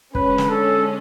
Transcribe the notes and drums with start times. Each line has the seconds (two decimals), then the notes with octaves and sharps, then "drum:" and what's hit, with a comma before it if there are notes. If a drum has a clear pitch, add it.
0.15 D3 G#3 C#4 B4, drum: kick
0.38 drum: snare
0.49 A4